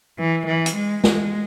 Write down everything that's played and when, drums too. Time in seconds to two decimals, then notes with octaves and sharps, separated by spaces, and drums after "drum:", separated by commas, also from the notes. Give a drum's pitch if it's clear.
0.19 E3
0.47 E3
0.66 drum: hi-hat
0.75 G#3
1.04 G#3, drum: snare